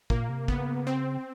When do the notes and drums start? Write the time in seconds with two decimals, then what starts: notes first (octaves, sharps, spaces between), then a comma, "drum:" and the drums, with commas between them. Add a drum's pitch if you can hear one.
0.10 A#2 A#3, drum: kick
0.29 C3
0.48 C#3 B3, drum: kick
0.87 C4